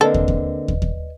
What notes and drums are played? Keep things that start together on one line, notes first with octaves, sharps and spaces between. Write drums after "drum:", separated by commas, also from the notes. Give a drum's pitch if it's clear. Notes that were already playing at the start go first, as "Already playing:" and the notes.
D3 A#3 C4 A4 B4 D5 D#5
drum: kick
drum: kick
drum: kick
drum: kick